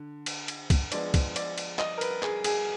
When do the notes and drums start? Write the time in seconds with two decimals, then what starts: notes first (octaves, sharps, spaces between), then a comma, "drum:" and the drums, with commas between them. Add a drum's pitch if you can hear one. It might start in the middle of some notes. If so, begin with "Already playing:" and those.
Already playing: D3
0.26 drum: cymbal
0.48 drum: cymbal
0.70 drum: kick, cymbal
0.92 F3 G#3 B3 D4 D5, drum: cymbal
1.14 drum: kick, cymbal
1.36 D5, drum: cymbal
1.58 drum: cymbal
1.79 D#5, drum: clap
1.98 A#4
2.01 B4, drum: cymbal
2.23 G#4, drum: clap
2.44 G#4, drum: cymbal